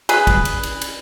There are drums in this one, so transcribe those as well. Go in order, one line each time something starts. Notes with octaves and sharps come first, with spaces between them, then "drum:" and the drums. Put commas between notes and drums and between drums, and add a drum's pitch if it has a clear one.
G#4 B4, drum: cymbal
drum: kick, cymbal
drum: cymbal
drum: cymbal
drum: cymbal